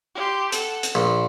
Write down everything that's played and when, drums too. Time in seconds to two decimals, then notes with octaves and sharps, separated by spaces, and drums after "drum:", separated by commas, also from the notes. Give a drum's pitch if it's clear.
0.15 G4 C6
0.52 A4 F#5, drum: hi-hat
0.83 drum: hi-hat
0.95 A#1